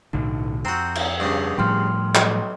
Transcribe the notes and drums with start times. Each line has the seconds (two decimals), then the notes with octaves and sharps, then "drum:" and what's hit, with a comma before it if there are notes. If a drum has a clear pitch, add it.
0.13 B1 A2 D3 D#4
0.65 F2 C4 F#4 A#5 G6
0.95 drum: cymbal
1.20 G2 C#3 D6 D#6
1.58 A2 F3 G3 G5 C6 F6
2.15 B1, drum: clap